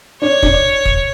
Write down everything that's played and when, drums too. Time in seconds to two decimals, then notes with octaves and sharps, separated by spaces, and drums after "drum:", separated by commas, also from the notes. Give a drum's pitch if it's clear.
0.21 D4 C#5
0.43 D4, drum: kick
0.85 drum: kick